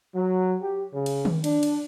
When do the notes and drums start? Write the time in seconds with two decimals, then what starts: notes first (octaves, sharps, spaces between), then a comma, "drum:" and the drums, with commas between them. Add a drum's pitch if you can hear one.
0.15 F#3
0.62 G4
0.93 C#3
1.06 drum: cymbal
1.25 drum: tom D#3
1.44 D4, drum: cymbal
1.63 drum: cymbal